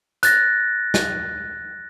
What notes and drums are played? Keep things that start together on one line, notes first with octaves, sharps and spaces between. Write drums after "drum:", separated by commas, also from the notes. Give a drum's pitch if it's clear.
F#6 A6 A#6, drum: hi-hat
drum: snare